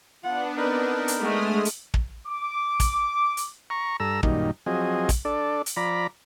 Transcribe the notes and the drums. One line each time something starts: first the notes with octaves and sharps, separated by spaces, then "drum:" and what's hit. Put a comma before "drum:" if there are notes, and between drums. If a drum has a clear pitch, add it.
B3 D4 F4 F#5
C4 D#4 A#4 B4
drum: hi-hat
G#3 A3 B3 D#6 F6
drum: hi-hat
drum: kick
D6
drum: kick, hi-hat
drum: hi-hat
A#5 C#6
G2 A4 A#5 E6
F#2 A#2 D#3 G3 D#4, drum: kick
F3 F#3 C4 G#4 D#5
drum: kick, hi-hat
D4 A4 D5
drum: hi-hat
F3 D5 A#5 B5